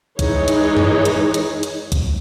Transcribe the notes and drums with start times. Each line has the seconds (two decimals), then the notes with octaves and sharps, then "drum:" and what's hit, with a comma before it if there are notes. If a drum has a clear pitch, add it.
0.19 E3 G#3 D#4 G#4 C#5, drum: kick, hi-hat
0.48 drum: hi-hat
0.77 drum: tom
1.05 drum: hi-hat
1.34 drum: hi-hat
1.63 drum: hi-hat
1.92 drum: kick, hi-hat